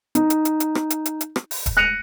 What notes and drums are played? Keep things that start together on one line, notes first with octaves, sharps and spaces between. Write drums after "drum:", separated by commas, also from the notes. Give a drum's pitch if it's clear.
D#4, drum: hi-hat
drum: hi-hat
drum: hi-hat
drum: hi-hat
drum: rim click
drum: hi-hat
drum: hi-hat
drum: hi-hat
drum: rim click
drum: open hi-hat
drum: kick D#1, hi-hat
F#6 A#6 C#7 D#7 F7